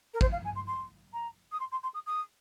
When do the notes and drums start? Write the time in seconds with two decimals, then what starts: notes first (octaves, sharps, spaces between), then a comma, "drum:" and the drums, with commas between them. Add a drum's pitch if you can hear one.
0.13 A#4
0.21 C5, drum: kick
0.32 F5
0.44 G#5
0.55 C6
0.67 C6
1.13 A#5
1.52 D#6
1.60 C6
1.71 C6
1.83 C6
1.94 D#6
2.06 D#6